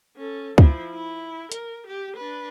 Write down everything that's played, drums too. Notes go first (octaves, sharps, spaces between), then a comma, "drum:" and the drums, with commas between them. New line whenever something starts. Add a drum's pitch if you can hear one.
C#4 A4
F3 E4, drum: kick
E4
A#4, drum: hi-hat
G4
D4 B4